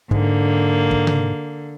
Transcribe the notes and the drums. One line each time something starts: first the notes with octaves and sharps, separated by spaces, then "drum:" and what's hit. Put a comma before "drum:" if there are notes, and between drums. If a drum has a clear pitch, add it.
G#2 D3 A#3, drum: kick
drum: kick
drum: tom C3